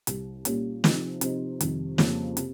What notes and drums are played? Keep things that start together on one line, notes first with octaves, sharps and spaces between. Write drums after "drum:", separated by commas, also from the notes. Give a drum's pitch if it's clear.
C2 C3 G3, drum: hi-hat
A#2 G3 A#3 C#4, drum: hi-hat
C3 F3 C4 D#4, drum: snare
C3 F3 C4 D#4, drum: hi-hat
F2 C3 D#3 G3, drum: hi-hat
F2 C#3 G3 A#3 C#4, drum: snare
C3, drum: hi-hat